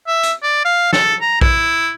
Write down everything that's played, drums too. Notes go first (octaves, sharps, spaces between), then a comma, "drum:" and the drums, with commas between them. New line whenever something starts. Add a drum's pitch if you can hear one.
E5
drum: hi-hat
D5
F5
A4, drum: snare
A#5
E4, drum: kick A#1